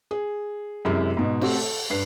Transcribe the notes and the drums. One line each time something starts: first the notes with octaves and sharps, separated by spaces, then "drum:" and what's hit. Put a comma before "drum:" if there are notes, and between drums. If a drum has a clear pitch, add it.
G#4
F#2 C3 G#3 E4 G4
G#2 B2
A3 C4 F#4 G4, drum: cymbal
A4
G2 B4 C7